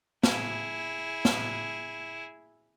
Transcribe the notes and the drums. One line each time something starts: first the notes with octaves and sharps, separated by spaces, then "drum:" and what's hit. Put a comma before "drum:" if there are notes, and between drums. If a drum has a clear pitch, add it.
E4 G#4, drum: snare
drum: snare